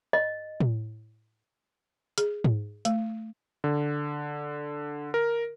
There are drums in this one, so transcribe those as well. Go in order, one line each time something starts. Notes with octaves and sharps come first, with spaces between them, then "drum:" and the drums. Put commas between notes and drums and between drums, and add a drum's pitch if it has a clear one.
D#5
drum: tom A2
G#4, drum: hi-hat
drum: tom G#2
A3, drum: hi-hat
D3
A#4